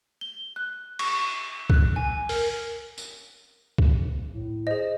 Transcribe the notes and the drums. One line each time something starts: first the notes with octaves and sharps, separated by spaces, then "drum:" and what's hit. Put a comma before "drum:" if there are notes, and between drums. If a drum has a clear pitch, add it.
G7
F#6
C#6, drum: cymbal
F#6, drum: kick B1
G#5
A#4, drum: open hi-hat
drum: tambourine
drum: kick B1
A2
G#4 C5 D#5